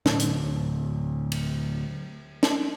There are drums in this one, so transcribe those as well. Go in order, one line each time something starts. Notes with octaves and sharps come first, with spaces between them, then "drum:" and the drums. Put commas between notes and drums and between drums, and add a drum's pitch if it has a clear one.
D3 F#3 A3, drum: snare
drum: hi-hat
drum: cymbal
drum: snare